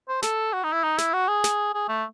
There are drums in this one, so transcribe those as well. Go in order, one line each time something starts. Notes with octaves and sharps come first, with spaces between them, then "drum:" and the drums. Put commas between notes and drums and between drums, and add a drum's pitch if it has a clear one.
C5
A4, drum: snare
F#4
D#4
E4
D#4
E4, drum: snare
F#4
G#4
drum: snare
G#4
A3